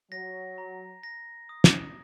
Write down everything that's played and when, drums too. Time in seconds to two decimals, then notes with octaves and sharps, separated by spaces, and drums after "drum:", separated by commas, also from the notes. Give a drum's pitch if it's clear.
0.11 F#3 A#6
0.58 A#5
1.03 A#6
1.49 D#6
1.64 drum: snare